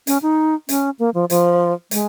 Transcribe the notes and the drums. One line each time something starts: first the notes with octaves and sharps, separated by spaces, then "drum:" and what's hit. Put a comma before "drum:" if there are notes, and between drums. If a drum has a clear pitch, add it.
C#4, drum: hi-hat
D#4
C#4, drum: hi-hat
A#3
F3
F3, drum: hi-hat
G#3, drum: hi-hat